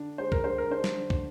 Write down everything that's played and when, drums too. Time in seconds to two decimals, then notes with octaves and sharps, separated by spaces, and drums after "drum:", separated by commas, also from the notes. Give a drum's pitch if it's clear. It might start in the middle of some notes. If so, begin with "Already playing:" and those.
Already playing: D3 D4
0.18 G#3 C5
0.32 A#4, drum: kick
0.44 D3 C5
0.58 A#4
0.71 D4 C5
0.84 drum: snare
0.98 D3
1.10 drum: kick